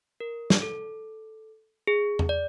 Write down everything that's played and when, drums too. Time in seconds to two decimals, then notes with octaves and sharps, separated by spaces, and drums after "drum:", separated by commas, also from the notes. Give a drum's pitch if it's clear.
0.20 A#4
0.50 drum: snare
0.62 A4
1.87 G#4
2.19 drum: tom E2
2.29 D5